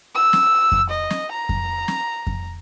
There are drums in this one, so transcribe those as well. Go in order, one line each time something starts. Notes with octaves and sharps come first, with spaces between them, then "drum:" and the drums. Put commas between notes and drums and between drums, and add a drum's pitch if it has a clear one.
E6
drum: snare
drum: kick F2
D#5
drum: snare
A#5
drum: kick F2
drum: snare
drum: kick F2